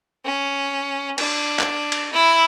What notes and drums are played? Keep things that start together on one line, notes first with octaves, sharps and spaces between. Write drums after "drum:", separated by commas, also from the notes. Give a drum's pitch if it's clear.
C#4
D4, drum: cymbal
drum: clap
drum: cymbal
E4